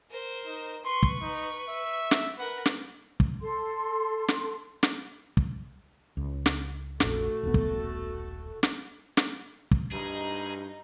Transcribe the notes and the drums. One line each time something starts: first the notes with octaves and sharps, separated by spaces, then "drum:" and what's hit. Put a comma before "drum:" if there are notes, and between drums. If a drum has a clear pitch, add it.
A#4 C5
D#4
B4 C6 C#6
drum: kick
D#4
E5
drum: snare
A#4 B4 F#5
drum: snare
drum: kick
A4 C6
drum: snare
drum: snare
drum: kick
C#2
drum: snare
F1 A#1 A3 F#4 A4, drum: snare
D#1 B1 B3
drum: kick
drum: snare
drum: snare
drum: kick
G2 D#4 G#4